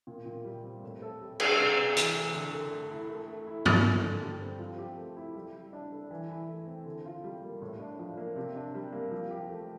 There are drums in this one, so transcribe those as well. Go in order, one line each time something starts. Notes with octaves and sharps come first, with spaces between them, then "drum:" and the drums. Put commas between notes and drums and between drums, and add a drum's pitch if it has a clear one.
A#2
A#2
G3
C4
A2
A4
G3
D4, drum: cymbal
C3
C3
E3, drum: hi-hat
A3
D3
D3
A3
E4
A3
A3
E4
A4, drum: tom G2
D3
D3
G3
C4
F3
G4
A3
E4
G3
G3
D4
A4
E3
E4
A3
C4
D3
F4
G3
A#3
A2
D4
F3
A#3
C3
D4
G3
A#3
F3
G4
A3